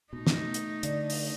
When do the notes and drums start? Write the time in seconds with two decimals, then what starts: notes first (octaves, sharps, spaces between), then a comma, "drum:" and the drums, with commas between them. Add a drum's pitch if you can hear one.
0.13 B2 A3 D#4
0.27 drum: snare
0.54 drum: hi-hat
0.83 D3 D5, drum: hi-hat
1.10 drum: open hi-hat